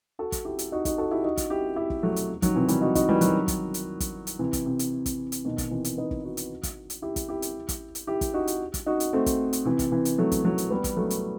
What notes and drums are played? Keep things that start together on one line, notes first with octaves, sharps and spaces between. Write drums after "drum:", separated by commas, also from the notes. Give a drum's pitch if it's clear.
F#4 A4
drum: kick, hi-hat
E4 G4
drum: hi-hat
D#4 F#4
D#4 F#4, drum: kick, hi-hat
F#4 A4
E4 G4
D#4 F#4
drum: kick, hi-hat
E4 G4
E4 G4
drum: kick
F#3 A3
drum: hi-hat
D#3 F#3, drum: kick, hi-hat
C3 E3
E3 G3, drum: hi-hat
D#4 F#4
D#4 F#4, drum: kick, hi-hat
E3 G3
D#3 F#3, drum: hi-hat
drum: kick, hi-hat
drum: hi-hat
drum: kick, hi-hat
drum: hi-hat
C3 E3
drum: kick, hi-hat
C3
drum: hi-hat
drum: kick, hi-hat
drum: hi-hat
B2 D#3
drum: kick, hi-hat
C3 E3
drum: hi-hat
B3 D#4
drum: kick
D#4 F#4
drum: hi-hat
drum: kick, hi-hat
drum: hi-hat
E4 G4
drum: kick, hi-hat
E4 G4
drum: hi-hat
drum: kick, hi-hat
drum: hi-hat
E4 G4
drum: kick, hi-hat
D#4 F#4
drum: hi-hat
drum: kick, hi-hat
D#4 F#4
drum: hi-hat
A3 C4
drum: kick, hi-hat
drum: hi-hat
C3 E3
drum: kick, hi-hat
C3 E3
drum: hi-hat
F#3 A3
drum: kick, hi-hat
F#3 A3
drum: hi-hat
G3 B3
drum: kick, hi-hat
F#3 A3
drum: hi-hat